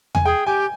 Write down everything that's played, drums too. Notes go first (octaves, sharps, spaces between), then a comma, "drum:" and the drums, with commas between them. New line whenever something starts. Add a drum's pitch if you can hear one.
G#5, drum: tom E2
G#4 G5
G4 G#5